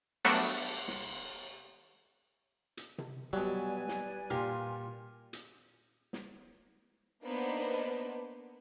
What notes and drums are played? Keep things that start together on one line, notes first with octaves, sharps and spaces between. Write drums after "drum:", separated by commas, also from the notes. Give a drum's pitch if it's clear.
F#3 G3 A3 B3 D4 F#4, drum: cymbal
drum: snare
drum: hi-hat
drum: tom C3
B2 F#3 G3 B4 D5 G#5
drum: snare
A#2 F4 G4 A#4
drum: hi-hat
drum: snare
A#3 B3 D4 D#4 B4 C5